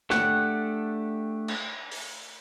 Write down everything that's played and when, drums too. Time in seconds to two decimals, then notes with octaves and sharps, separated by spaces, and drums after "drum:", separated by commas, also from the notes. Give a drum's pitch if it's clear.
0.10 A3 D4 G4 F#5, drum: snare
1.48 drum: cymbal
1.91 drum: open hi-hat